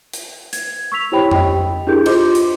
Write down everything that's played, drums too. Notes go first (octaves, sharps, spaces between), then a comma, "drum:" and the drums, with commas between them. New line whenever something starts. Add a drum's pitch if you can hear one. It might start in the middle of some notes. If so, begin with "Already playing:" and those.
drum: hi-hat
G#6, drum: hi-hat
C#6 E6 B6 F7
E4 G4 C5 C#5 G5 B5
D#5 G5, drum: tom F2
D4 E4 G4 G#4 A#4 G6
F4 C5 D#5 C6 D6, drum: cymbal
drum: hi-hat